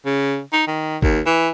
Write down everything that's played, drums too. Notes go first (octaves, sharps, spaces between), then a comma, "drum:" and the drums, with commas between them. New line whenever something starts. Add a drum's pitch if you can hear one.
C#3
D#4
D#3
D#2, drum: kick G1
E3